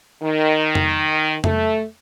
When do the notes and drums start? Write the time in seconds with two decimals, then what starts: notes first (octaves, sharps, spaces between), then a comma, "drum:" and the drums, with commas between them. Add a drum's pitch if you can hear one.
0.22 D#3
0.75 drum: tom F2
1.44 A3, drum: tom F2